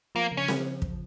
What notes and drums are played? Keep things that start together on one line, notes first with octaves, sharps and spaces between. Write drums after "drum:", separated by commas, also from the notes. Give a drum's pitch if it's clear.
F3 A#3
C#3
C#4
drum: snare C4
drum: kick